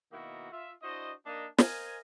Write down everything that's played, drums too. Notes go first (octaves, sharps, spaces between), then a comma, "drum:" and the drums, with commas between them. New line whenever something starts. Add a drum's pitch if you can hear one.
B2 D#3 A#3 D#4 E4 F#4
F4 E5
D4 E4 F#4 C5 D#5
A#3 D4 D#4
A#4 C5 D#5 F5 G#5, drum: snare